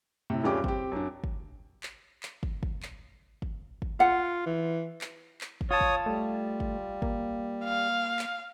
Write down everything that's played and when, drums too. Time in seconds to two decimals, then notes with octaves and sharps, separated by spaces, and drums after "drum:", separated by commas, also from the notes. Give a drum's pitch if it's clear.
0.30 A2 C3
0.44 D#1 G2 C#4 G4 G#4 D6
0.64 C4 G4, drum: kick
0.92 F#2 D4
1.24 drum: kick
1.83 drum: clap
2.23 drum: clap
2.43 drum: kick
2.63 drum: kick
2.83 drum: clap
3.42 drum: kick
3.82 drum: kick
4.00 F4 F#5
4.46 E3
5.01 drum: clap
5.41 drum: clap
5.61 drum: kick
5.71 F4 C#5 A5 D#6
5.81 drum: kick
6.06 G3 A3
6.60 drum: kick
7.02 A#3, drum: kick
7.64 F5
8.19 drum: clap